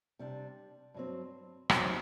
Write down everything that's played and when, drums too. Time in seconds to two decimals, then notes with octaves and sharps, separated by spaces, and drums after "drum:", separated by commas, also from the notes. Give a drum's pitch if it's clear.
0.19 C3 G3 D4
0.94 G2 F#3 C4
1.70 F#2 F#3 C4 D#4, drum: rim click